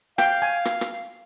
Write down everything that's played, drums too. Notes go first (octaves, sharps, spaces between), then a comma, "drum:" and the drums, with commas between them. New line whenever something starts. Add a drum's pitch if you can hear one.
F5 G5, drum: rim click
G#5
drum: rim click
drum: rim click